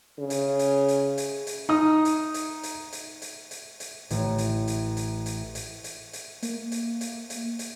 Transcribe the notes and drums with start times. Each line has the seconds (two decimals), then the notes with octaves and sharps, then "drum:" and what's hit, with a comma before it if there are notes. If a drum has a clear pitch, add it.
0.19 C#3
0.30 drum: hi-hat
0.59 drum: hi-hat
0.88 drum: hi-hat
1.18 drum: hi-hat
1.47 drum: hi-hat
1.69 D#4 D#6
2.05 drum: hi-hat
2.34 drum: hi-hat
2.63 drum: hi-hat
2.93 drum: hi-hat
3.22 drum: hi-hat
3.51 drum: hi-hat
3.80 drum: hi-hat
4.10 A1, drum: hi-hat
4.38 drum: hi-hat
4.68 drum: hi-hat
4.97 drum: hi-hat
5.26 drum: hi-hat
5.55 drum: hi-hat
5.84 drum: hi-hat
6.13 drum: hi-hat
6.42 A#3, drum: hi-hat
6.72 drum: hi-hat
7.01 drum: hi-hat
7.30 drum: hi-hat
7.59 drum: hi-hat